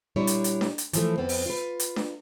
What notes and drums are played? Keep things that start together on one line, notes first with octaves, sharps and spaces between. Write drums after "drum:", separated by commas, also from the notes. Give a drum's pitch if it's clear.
A#2 G3 D4 E4 C#5
drum: hi-hat
drum: hi-hat
drum: snare D4
drum: hi-hat
E3 F3 A3, drum: hi-hat
F2 B3 C4
drum: open hi-hat
F4 B4
drum: hi-hat
drum: snare D4